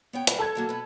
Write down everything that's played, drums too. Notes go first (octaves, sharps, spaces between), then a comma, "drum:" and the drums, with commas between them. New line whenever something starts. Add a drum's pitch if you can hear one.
B3 C#5 G5
G2 B4, drum: hi-hat
A4 A5 G#6
D#2 F#3 A#3
B2 B4